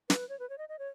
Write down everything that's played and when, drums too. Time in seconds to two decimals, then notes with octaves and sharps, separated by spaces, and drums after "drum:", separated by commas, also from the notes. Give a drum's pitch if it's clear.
0.10 B4, drum: snare
0.29 C#5
0.39 B4
0.50 C#5
0.58 D#5
0.69 D#5
0.79 C#5